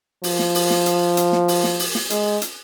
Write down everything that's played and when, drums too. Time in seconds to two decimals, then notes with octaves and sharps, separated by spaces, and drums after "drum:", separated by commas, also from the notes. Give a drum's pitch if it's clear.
0.23 F3, drum: open hi-hat
0.39 drum: snare
0.55 drum: open hi-hat
0.70 drum: snare
0.86 drum: hi-hat
1.17 drum: hi-hat
1.33 drum: snare
1.48 drum: open hi-hat
1.64 drum: snare
1.79 drum: open hi-hat
1.95 drum: snare
2.10 G#3, drum: hi-hat
2.42 drum: hi-hat